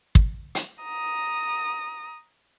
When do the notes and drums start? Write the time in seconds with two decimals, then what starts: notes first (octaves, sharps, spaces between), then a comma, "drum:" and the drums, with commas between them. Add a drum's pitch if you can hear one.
0.15 drum: kick
0.55 drum: hi-hat
0.83 A#5 D#6